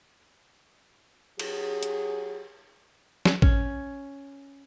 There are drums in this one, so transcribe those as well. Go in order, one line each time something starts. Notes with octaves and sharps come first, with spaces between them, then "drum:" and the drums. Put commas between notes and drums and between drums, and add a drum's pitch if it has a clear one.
F#3 G4 G#4, drum: cymbal
drum: hi-hat
drum: snare
C#4, drum: kick A1